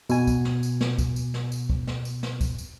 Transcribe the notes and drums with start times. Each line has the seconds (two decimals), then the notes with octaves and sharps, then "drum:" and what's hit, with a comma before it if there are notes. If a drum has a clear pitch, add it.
0.10 B2 G#5, drum: tambourine
0.27 drum: kick, tambourine
0.45 drum: snare
0.63 drum: tambourine
0.81 drum: snare
0.98 drum: kick, tambourine
1.16 drum: tambourine
1.34 drum: snare
1.52 drum: tambourine
1.70 drum: kick
1.87 drum: snare
2.05 drum: tambourine
2.23 drum: snare
2.41 drum: kick, tambourine
2.58 drum: tambourine